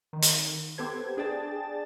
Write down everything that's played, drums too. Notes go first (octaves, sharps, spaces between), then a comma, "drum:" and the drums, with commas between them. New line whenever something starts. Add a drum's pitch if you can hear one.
D#3
drum: hi-hat
B3 G4 A4 C5 G#6
D4 G#4 D5 G5 A5 A6